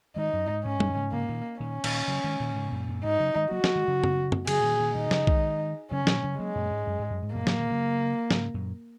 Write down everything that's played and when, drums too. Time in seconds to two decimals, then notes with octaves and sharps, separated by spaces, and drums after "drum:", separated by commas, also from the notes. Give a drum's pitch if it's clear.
0.16 D#3 G#3 D#4
0.33 F#2
0.49 G#2
0.65 G#2 C#4
0.80 F#2 A#2, drum: tom
0.89 D#3
0.97 G#2 C#3
1.12 G#2 C#3 A#3
1.29 A#2 D#3
1.60 A#2 D#3 C#4
1.84 A#2 D#3, drum: cymbal
2.08 C#3 F#3
2.24 D#3 G#3
2.40 A#2 D#3
2.56 G#2 C#3
2.72 F#2 A#2
2.88 F#2 A#2
3.04 G#2 D#4
3.20 C#3 F#3
3.36 D#3 G#3
3.51 F#3 A#3 F#4
3.64 F#3 A#3, drum: snare
3.76 D#3 G#3
3.88 C#3 F#3
4.04 drum: tom
4.32 drum: tom
4.47 C#3 F#3 G#4, drum: cymbal
4.63 A#2 D#3
4.79 A#2 D#3
4.95 A#2 D#3 D#4
5.11 C#3 F#3, drum: snare
5.27 D#3 G#3, drum: kick B1
5.91 C#3 F#3 C#4
6.07 A#2 D#3, drum: snare
6.23 C#3 F#3
6.39 F#3 G#3 A#3
6.56 F#2 A#2
6.71 G#2
6.87 F#2
6.99 G#2
7.10 F#2
7.22 G#2
7.35 F#2 A#2 A#3
7.47 G#2 C#3, drum: snare
7.59 A#2 D#3
7.71 C#3 F#3
8.31 G#2 C#3, drum: snare
8.54 F#2 A#2